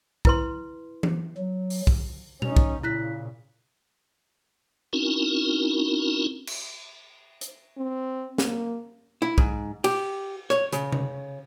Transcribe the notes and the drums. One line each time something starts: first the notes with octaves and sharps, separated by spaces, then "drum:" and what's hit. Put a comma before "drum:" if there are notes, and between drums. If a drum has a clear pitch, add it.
E4 B4 C6, drum: kick
drum: tom E3
F#3
drum: open hi-hat
drum: kick
C#4 D#4 F7, drum: tom B2
drum: kick
A#2 C#3 E4 F#6 B6
C4 C#4 D#4 E4 F#4 A#4
drum: cymbal
drum: hi-hat
C4
A#3, drum: snare
E4
G#2, drum: kick
G4, drum: cymbal
C#5, drum: rim click
C#3, drum: hi-hat
drum: tom C3